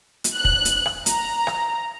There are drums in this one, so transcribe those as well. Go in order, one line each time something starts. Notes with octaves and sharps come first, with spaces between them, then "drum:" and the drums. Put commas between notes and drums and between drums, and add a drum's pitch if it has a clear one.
drum: hi-hat
F#6
drum: kick
drum: hi-hat
drum: rim click
A#5, drum: hi-hat
drum: rim click